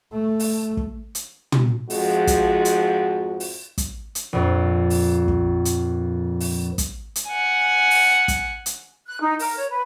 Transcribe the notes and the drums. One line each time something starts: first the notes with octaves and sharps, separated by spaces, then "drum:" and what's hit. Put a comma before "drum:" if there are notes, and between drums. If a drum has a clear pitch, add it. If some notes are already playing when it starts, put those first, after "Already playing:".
A3
drum: open hi-hat
drum: kick
drum: hi-hat
drum: tom
F2 G#2 F3 G#3 F#4, drum: open hi-hat
drum: kick, hi-hat
drum: hi-hat
drum: open hi-hat
drum: kick, hi-hat
drum: hi-hat
A#1 F2
drum: open hi-hat
drum: kick
drum: hi-hat
drum: open hi-hat
drum: kick, hi-hat
drum: hi-hat
F#5 G#5
drum: open hi-hat
drum: kick, hi-hat
drum: hi-hat
F#6
D#4
A#4, drum: open hi-hat
C#5
B4